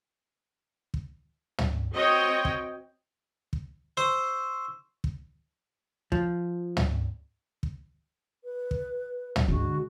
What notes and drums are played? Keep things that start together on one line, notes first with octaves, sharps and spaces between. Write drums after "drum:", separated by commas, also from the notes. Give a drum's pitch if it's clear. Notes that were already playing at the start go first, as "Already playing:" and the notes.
drum: kick
drum: tom
C4 F#4 C#5 D#5 G5
drum: kick
drum: kick
C5 C#6 E6
drum: kick
F3, drum: kick
drum: tom
drum: kick
B4
drum: kick
drum: tom
D3 G#3 F#4